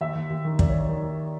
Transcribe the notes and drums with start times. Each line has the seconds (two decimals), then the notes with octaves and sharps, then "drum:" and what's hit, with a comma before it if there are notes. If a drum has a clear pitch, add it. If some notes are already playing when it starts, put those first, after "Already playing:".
0.01 D#2 E5
0.15 D#2
0.30 D#2
0.45 D#3
0.59 D#2 D5, drum: kick
0.69 D#3 C#5
0.80 D5
0.89 D#3
1.03 D#2